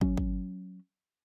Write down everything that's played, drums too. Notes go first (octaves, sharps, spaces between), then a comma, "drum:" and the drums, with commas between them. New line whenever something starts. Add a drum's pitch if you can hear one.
F#3 C#4, drum: kick
drum: kick